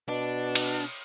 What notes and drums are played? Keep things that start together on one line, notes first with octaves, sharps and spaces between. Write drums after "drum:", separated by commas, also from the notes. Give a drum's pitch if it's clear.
B2 D4
drum: cymbal